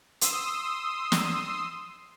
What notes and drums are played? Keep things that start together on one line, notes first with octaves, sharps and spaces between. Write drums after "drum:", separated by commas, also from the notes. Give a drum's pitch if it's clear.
C6 D#6 E6, drum: hi-hat
drum: snare